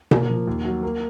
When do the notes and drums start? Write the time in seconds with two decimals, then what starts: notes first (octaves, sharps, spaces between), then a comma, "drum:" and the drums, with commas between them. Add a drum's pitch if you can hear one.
0.11 A#3, drum: tom B2
0.30 F3
0.47 D#2
0.65 F#3
0.83 A#3